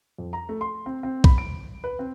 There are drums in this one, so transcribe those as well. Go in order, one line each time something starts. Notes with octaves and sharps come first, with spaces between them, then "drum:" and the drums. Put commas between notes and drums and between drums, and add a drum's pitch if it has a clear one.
F2
A#5
A3
C6
C4
C4
B5, drum: kick
D7
B4
C4